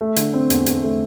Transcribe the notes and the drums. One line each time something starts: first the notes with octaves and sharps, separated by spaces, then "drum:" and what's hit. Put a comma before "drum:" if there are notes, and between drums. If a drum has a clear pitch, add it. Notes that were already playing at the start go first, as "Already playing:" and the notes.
A3
D3, drum: hi-hat
C4
E2, drum: hi-hat
E2, drum: hi-hat
A3